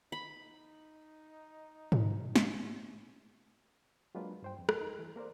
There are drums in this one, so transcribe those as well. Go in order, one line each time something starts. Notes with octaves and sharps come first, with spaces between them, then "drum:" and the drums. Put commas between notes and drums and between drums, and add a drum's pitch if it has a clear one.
D#4 B5
drum: tom G#2
drum: snare
F#3 G#3 A#3 D4 F4 B4
G2 C5 G5
F2
drum: rim click
D#4 A#4
E3
A#3 A#4 C5 D5